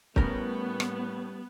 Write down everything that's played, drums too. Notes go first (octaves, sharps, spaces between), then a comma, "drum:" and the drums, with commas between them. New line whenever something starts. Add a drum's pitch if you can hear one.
A2 G3 B3 C#4 A#4, drum: kick
drum: rim click